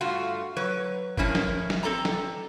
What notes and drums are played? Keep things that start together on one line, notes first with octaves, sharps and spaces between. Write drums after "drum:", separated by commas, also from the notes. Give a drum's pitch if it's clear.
G2 A3 F4 F#4
F#3 B4 C#5
A2 F3 C#4 E4 G#4 A#4, drum: kick F#1
drum: snare
drum: snare
C4 A4 D5 A#5
drum: snare